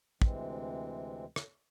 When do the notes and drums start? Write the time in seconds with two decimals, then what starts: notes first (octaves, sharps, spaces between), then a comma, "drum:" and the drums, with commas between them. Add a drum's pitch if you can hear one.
0.22 D2 C3 E3 G#3 C4, drum: kick
1.36 drum: rim click